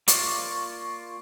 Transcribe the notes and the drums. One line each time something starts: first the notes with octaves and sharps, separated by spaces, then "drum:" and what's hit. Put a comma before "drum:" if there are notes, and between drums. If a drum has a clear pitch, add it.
A#3 F4 D5 C#6, drum: hi-hat